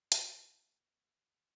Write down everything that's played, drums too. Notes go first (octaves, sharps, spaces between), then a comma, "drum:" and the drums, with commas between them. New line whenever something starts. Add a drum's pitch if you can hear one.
drum: hi-hat
A#3 B3 E4 F4 G4 C5